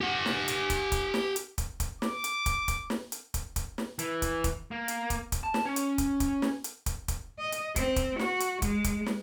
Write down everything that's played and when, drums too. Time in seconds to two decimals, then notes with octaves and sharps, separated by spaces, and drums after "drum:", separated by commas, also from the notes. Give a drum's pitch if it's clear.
0.01 G4 F#5
0.26 drum: snare
0.48 drum: hi-hat
0.70 drum: kick, hi-hat
0.92 drum: kick, hi-hat
1.14 drum: snare
1.36 drum: hi-hat
1.58 drum: kick, hi-hat
1.80 drum: kick, hi-hat
2.02 D6, drum: snare
2.24 drum: hi-hat
2.46 drum: kick, hi-hat
2.68 drum: kick, hi-hat
2.90 drum: snare
3.12 drum: hi-hat
3.34 drum: kick, hi-hat
3.56 drum: kick, hi-hat
3.78 drum: snare
3.99 E3, drum: hi-hat
4.22 drum: kick, hi-hat
4.44 drum: kick, hi-hat
4.71 A#3
4.88 drum: hi-hat
5.10 drum: kick, hi-hat
5.32 drum: kick, hi-hat
5.44 A5
5.54 drum: snare
5.65 C#4
5.76 drum: hi-hat
5.98 drum: kick, hi-hat
6.20 drum: kick, hi-hat
6.42 drum: snare
6.64 drum: hi-hat
6.86 drum: kick, hi-hat
7.08 drum: kick, hi-hat
7.39 D#5
7.52 drum: hi-hat
7.76 C4, drum: kick, hi-hat
7.96 drum: kick, hi-hat
8.19 F#4, drum: snare
8.40 drum: hi-hat
8.62 G#3, drum: kick, hi-hat
8.84 drum: kick, hi-hat
9.06 drum: snare